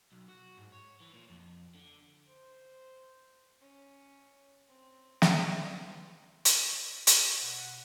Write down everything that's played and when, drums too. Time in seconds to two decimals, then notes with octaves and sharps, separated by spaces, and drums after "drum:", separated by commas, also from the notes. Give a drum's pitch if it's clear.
0.12 B1
0.29 F#4
0.59 G#2
0.73 C#5
1.01 E3
1.14 A#2
1.30 F2
1.75 D3
2.29 C5
3.61 C#4
4.68 C4
5.22 C5, drum: snare
5.65 F4 B4
6.45 drum: hi-hat
7.07 G4, drum: hi-hat
7.42 B2 F#5